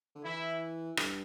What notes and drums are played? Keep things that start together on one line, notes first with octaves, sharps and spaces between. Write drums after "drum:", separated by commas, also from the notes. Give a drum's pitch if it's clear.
D3
E3 E4
G2, drum: rim click